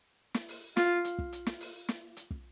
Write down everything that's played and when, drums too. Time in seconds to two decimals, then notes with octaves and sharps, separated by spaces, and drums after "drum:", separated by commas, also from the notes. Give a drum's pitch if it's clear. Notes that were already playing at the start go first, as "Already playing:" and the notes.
0.34 drum: snare
0.48 drum: open hi-hat
0.77 F4, drum: snare
1.04 drum: hi-hat
1.19 drum: kick
1.33 drum: hi-hat
1.47 drum: snare
1.61 drum: open hi-hat
1.89 drum: snare
2.17 drum: hi-hat
2.31 drum: kick